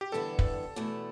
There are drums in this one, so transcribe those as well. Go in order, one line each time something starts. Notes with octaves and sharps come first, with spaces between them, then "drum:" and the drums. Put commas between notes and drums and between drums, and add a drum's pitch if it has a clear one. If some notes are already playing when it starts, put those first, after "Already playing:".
G4
E2 D3 G3 B3 E4 A4
drum: kick
E2 B2 A3 E4